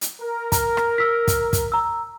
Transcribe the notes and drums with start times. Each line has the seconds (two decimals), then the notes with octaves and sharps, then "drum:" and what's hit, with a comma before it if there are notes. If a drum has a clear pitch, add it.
0.01 drum: hi-hat
0.22 A#4
0.52 A#5, drum: kick, hi-hat
0.77 drum: rim click
0.98 E6 B6
1.28 drum: kick, hi-hat
1.53 drum: kick, hi-hat
1.72 A#5 E6